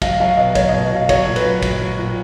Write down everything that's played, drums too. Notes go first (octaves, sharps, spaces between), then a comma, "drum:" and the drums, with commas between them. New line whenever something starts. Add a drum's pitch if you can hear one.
F#3 F5, drum: kick, cymbal
F#3 F5
B2 D#5
F#3 C#5, drum: kick, cymbal
D#5
B2
B2 F5
F#3 C#5, drum: kick, cymbal
A#2
B4, drum: cymbal
F#3
F#3, drum: kick, cymbal
F#3
A#2